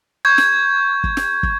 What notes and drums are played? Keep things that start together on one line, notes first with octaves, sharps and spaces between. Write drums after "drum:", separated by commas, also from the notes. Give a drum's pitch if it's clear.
C#6 G6 G#6
drum: snare
drum: kick
drum: snare
drum: kick